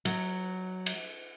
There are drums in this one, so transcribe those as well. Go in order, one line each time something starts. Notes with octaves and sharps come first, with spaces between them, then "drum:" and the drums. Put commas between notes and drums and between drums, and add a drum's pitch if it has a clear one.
F#3, drum: cymbal
drum: cymbal